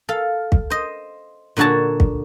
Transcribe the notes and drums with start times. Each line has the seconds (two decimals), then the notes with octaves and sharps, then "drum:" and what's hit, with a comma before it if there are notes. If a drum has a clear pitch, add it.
0.09 A4 F5
0.52 drum: kick
0.70 C5 D#5
1.57 A#2 D3 F#4 C#5 A5
2.00 drum: kick